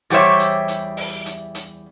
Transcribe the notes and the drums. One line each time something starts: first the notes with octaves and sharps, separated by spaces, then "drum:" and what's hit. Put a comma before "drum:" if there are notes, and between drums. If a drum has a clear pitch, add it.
E2 G3 G4 C5 C#5 E5, drum: hi-hat
drum: hi-hat
drum: hi-hat
drum: open hi-hat
drum: hi-hat
drum: hi-hat